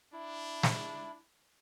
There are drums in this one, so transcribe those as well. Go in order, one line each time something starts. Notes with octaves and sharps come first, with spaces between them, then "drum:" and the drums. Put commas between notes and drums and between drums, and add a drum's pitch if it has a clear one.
D4 E4
drum: snare